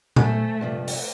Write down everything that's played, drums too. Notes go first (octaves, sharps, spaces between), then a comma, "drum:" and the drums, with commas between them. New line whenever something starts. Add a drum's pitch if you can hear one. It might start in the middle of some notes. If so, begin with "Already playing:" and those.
A3 C5 G#5, drum: tom A#2
G2 C3 F3
drum: open hi-hat